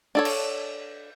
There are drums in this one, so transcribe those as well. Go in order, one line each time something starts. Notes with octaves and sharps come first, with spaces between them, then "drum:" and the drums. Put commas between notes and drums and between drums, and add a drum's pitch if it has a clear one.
D4 A4 C#5
drum: cymbal